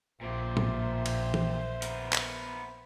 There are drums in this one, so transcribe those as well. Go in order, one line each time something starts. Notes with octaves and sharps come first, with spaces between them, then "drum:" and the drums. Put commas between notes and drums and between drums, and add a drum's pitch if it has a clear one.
A#1 A#2 G4 C5 E5
drum: tom
drum: cymbal
drum: tom E3
B3 A#4, drum: hi-hat
drum: clap